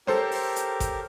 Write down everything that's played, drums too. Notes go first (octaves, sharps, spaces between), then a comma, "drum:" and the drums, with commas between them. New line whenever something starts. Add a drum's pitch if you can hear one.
G4 A4 A#4 C5 C#5, drum: snare
drum: open hi-hat
drum: hi-hat
drum: kick G#1, hi-hat